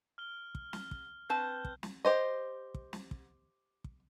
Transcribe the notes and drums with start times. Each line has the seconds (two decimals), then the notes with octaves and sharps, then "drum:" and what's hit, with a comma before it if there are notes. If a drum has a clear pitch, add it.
0.18 F6 G7
0.55 drum: kick
0.73 drum: snare
0.91 drum: kick
1.30 C4 B4 A5 E6 F#6 G6
1.65 drum: kick
1.83 drum: snare
2.05 G4 C5 D#5
2.74 drum: kick
2.93 drum: snare
3.11 drum: kick
3.84 drum: kick